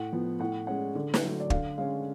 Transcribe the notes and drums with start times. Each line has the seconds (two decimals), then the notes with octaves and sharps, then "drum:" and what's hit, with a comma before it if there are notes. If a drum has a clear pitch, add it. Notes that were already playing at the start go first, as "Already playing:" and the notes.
Already playing: A2 F#5
0.13 F3 B3
0.40 A2 F#5
0.67 G#3 C#4 F#5
0.95 D3
1.14 drum: snare
1.23 F#3 A3
1.40 D5
1.50 D3 F5, drum: kick
1.78 G#3 C#4 F5